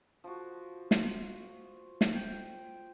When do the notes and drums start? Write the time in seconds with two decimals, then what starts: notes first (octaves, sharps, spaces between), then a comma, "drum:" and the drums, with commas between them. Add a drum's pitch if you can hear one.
0.24 F3 F#4
0.91 drum: snare
2.01 drum: snare
2.14 G5